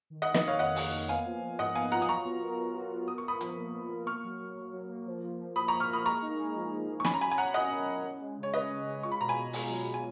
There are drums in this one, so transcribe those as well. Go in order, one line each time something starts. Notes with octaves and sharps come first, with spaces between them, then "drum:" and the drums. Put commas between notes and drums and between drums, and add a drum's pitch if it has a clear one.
D#3
D#5 F#5
D#3
B4 D#5, drum: snare
A#3 C#5 F5
F2 D#5 F#5
F2, drum: open hi-hat
A#3
B3 F5 G#5
F3
F3
G#2 D#5 F#5
B3 F5 G#5
F4 F#5 A#5
D#6, drum: hi-hat
F#3 A#5 C#6
B3
A#4
A#4
F#4
B3
A#4 D#6
C#6
F4 B5 D#6
F3, drum: hi-hat
A#3
F4
A#3
A#3 C#6 F6
F#3
F#3
F#3
F#3
A#3
F3
F3
F3
F3 B5 D#6
A#5 C#6
A#3
C#6 F6
A#3 B5 D#6
G#3 A#5 C#6
D#4
G#4
F3
D#4
F3
C#6
C#4 G#5 B5, drum: snare
A#5
F#3 G#5 B5
G#5
C#4 F#5 A#5
A#4 D#5 F#5
C#4
C#4
C#4
G#3
C#3
C#5
C#3 B4 D#5
G#3
G#3
F4 C#6
B5
B2 A#5
G#5 B5
B2
F4, drum: open hi-hat
F#3
B2
G#5